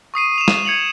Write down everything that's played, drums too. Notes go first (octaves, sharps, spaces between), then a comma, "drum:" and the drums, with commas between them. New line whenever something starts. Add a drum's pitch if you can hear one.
C#6 D#6 C7 D#7
E7 F7
drum: snare G#3
G#6 C#7 F7 F#7